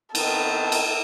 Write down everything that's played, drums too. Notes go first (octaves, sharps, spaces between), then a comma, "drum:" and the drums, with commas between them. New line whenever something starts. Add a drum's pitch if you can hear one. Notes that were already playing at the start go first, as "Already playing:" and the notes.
D#3 B3 C4 A4, drum: cymbal
drum: cymbal